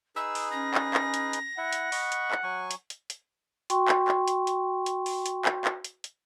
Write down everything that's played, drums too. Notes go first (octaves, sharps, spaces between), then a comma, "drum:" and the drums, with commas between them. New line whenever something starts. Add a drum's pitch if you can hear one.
D#4 G#4 B4 E6
drum: open hi-hat
C#4 A#6
drum: clap
drum: clap
drum: hi-hat
drum: hi-hat
E4 E5 F#5
drum: hi-hat
D#5 B5 C#6, drum: open hi-hat
drum: hi-hat
drum: clap
F#3 G#5 C#6
drum: hi-hat
drum: hi-hat
drum: hi-hat
F#4 G5 C6 C#6, drum: hi-hat
drum: clap
drum: clap
drum: hi-hat
drum: hi-hat
drum: hi-hat
drum: open hi-hat
drum: hi-hat
drum: clap
drum: clap
drum: hi-hat
drum: hi-hat